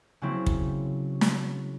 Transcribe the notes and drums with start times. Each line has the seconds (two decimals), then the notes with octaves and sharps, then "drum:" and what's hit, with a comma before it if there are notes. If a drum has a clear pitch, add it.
0.22 C#3 F#3 A#3 C4 E4
0.46 drum: kick
1.21 drum: snare